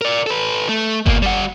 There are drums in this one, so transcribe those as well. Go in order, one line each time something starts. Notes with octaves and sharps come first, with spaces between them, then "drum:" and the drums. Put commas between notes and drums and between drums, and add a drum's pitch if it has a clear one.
A#4 D5
A4 B4
A3
B2 A#3, drum: kick G1
G3 F#5